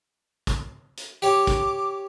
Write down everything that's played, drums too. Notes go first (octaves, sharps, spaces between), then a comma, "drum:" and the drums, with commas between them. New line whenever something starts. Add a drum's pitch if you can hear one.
drum: kick, hi-hat
drum: hi-hat
G4 C#5 D6
drum: kick, hi-hat